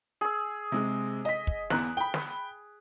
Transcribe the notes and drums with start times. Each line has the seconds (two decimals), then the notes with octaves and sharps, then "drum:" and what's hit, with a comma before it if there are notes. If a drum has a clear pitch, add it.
0.21 G#4 E6
0.72 C3 G#3
1.25 D#5 B6
1.47 drum: kick
1.70 E2 A#5 F#6, drum: snare
1.97 G5 B5
2.14 drum: snare